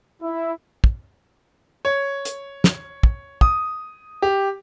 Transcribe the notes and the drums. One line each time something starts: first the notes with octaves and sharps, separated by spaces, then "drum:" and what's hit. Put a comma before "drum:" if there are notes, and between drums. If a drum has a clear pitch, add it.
E4
drum: kick
C#5
drum: hi-hat
drum: snare
drum: kick
D#6, drum: kick
G4